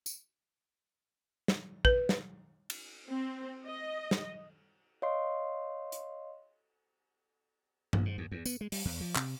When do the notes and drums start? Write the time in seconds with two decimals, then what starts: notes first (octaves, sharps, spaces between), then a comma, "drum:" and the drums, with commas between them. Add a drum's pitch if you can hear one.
0.06 drum: tambourine
1.48 drum: snare
1.85 B4, drum: kick
2.09 drum: snare
2.70 drum: cymbal
3.09 C4
3.65 D#5
4.11 drum: snare
5.02 C#5 D#5 F5 C6 C7
5.92 drum: hi-hat
7.93 A#1, drum: tom G2
8.05 G#2
8.18 D#2
8.31 E2
8.46 B3, drum: tambourine
8.61 G#3
8.72 G3, drum: open hi-hat
8.85 E2
9.01 F3
9.16 C3, drum: clap